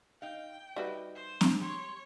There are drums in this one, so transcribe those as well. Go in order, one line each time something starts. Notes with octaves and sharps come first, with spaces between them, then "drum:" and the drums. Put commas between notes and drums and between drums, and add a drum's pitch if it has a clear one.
D#4 F5 G5
G3 D#4 F#4 B4 E5
C5
drum: snare C4
G4 C#5 C6